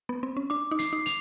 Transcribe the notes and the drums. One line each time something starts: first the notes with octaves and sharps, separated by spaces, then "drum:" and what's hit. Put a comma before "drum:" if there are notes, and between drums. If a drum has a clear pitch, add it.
B3
C4
C#4
D4 D6
D#4
C7, drum: hi-hat
D#4
F7, drum: hi-hat